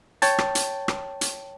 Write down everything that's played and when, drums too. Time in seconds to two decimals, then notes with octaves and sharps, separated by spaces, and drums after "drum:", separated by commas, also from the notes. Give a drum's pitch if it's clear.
0.22 C#5 G5 A5, drum: hi-hat
0.38 drum: rim click
0.55 drum: hi-hat
0.88 drum: rim click
1.21 drum: hi-hat